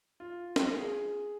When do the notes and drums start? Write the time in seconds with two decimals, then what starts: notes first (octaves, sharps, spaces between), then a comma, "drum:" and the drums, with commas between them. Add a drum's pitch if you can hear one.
0.20 F4
0.56 drum: snare
0.74 G#4